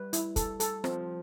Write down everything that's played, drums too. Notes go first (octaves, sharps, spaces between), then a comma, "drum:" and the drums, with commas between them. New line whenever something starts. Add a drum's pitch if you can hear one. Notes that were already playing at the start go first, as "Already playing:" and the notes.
Already playing: G3 B4
E4, drum: hi-hat
A4, drum: kick, hi-hat
A4, drum: hi-hat
F3 C4, drum: rim click